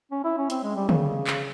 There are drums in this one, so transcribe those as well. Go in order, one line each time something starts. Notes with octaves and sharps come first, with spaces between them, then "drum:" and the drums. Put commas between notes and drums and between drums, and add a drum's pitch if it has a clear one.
C#4
E4
C#4
C4, drum: hi-hat
G#3
G3
C#3, drum: tom D3
drum: clap